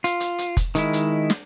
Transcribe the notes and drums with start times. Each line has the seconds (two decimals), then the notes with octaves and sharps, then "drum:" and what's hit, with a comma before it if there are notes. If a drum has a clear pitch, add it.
0.04 F4, drum: hi-hat
0.20 drum: hi-hat
0.38 drum: hi-hat
0.57 drum: kick F1, hi-hat
0.75 D#3 G#3 E4, drum: hi-hat
0.93 drum: hi-hat
1.30 drum: snare